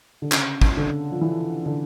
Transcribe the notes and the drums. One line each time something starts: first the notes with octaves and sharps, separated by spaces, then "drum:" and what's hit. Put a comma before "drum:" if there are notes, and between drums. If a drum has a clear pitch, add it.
D3
C#3, drum: clap
drum: kick
D3
F3
E3
D3